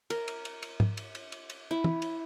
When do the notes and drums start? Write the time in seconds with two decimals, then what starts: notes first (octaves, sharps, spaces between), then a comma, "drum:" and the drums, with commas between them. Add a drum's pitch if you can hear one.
0.10 A#4, drum: cymbal
0.28 drum: cymbal
0.45 drum: cymbal
0.62 drum: cymbal
0.80 drum: tom G#2
0.97 drum: cymbal
1.15 drum: cymbal
1.32 drum: cymbal
1.50 drum: cymbal
1.71 E4
1.84 drum: tom
2.02 drum: cymbal